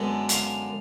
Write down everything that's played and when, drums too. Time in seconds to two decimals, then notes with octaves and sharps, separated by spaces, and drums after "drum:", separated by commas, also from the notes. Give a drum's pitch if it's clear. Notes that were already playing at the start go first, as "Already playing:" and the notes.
Already playing: F#2 D3 G#3 B3
0.29 F5, drum: hi-hat